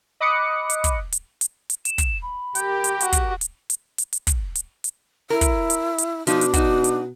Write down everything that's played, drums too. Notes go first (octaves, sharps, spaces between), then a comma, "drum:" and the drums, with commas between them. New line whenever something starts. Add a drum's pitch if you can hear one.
D#5 B5 D6 D#6 F#6 C#7
drum: hi-hat
drum: kick, hi-hat
drum: hi-hat
drum: hi-hat
drum: hi-hat
E7, drum: hi-hat
drum: kick, hi-hat
B5
G4 A#4 G5, drum: hi-hat
drum: hi-hat
F#4, drum: hi-hat
drum: kick, hi-hat
drum: hi-hat
drum: hi-hat
drum: hi-hat
drum: hi-hat
drum: kick, hi-hat
drum: hi-hat
drum: hi-hat
E4 A#4
drum: kick, hi-hat
drum: hi-hat
drum: hi-hat
B2 F3 D4 D#4, drum: hi-hat
drum: hi-hat
D#4 F#4, drum: kick, hi-hat
drum: hi-hat